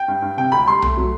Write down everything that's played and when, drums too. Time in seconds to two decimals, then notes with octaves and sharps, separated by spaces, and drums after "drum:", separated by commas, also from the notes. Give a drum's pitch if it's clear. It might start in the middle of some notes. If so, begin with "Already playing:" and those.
Already playing: G5
0.08 G2
0.22 G2
0.37 C3 G5
0.52 D2 B5
0.66 G3 C6
0.82 A3, drum: tom B1
0.97 F#3